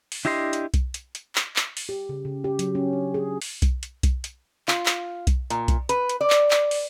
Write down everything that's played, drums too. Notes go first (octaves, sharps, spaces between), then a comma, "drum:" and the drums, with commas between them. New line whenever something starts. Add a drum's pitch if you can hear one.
drum: open hi-hat
D4 E4 G4 D#5 C6
drum: hi-hat
drum: kick B1, hi-hat
drum: hi-hat
drum: hi-hat
drum: clap
drum: clap
drum: open hi-hat
G4
C#3
C#3
G4
F#3, drum: hi-hat
C#4
D4
G#4
drum: open hi-hat
drum: kick B1, hi-hat
drum: hi-hat
drum: kick B1, hi-hat
drum: hi-hat
F4, drum: clap
drum: clap
drum: kick B1, hi-hat
A#2, drum: hi-hat
drum: kick B1, hi-hat
B4, drum: hi-hat
drum: hi-hat
D5
drum: clap
drum: clap
drum: open hi-hat